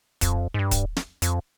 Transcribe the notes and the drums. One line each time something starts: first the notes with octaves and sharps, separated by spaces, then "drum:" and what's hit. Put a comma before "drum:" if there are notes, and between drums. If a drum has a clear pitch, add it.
F2, drum: kick, hi-hat
G#2
G2
drum: kick, hi-hat
drum: snare
F2, drum: hi-hat